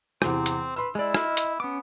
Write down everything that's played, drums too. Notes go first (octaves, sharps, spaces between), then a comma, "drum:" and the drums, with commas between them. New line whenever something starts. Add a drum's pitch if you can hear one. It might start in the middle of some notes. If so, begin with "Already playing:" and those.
E2 C3 E3 C4 D6, drum: rim click
drum: hi-hat
B4 C6 E6
G#3 E4 D5
E4 D#5 F6, drum: rim click
drum: hi-hat
B3 C#4 D6